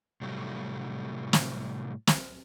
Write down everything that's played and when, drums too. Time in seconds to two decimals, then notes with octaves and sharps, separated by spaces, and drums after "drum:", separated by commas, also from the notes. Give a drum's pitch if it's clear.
0.22 A2 C3 F#3 G3 A3
1.33 drum: snare
2.07 drum: snare